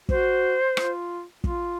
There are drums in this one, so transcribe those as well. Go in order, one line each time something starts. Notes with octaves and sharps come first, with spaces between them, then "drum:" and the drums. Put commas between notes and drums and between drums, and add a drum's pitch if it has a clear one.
F#4 C5, drum: kick
F4, drum: rim click
F4, drum: kick